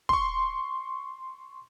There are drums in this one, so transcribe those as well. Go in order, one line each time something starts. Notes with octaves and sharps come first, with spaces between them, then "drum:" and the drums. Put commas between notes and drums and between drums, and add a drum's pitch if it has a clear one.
C6 C#6, drum: kick